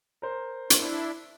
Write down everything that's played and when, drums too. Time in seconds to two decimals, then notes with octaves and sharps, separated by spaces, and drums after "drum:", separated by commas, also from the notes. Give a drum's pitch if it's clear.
0.22 A#4 C5
0.70 D4 E4, drum: hi-hat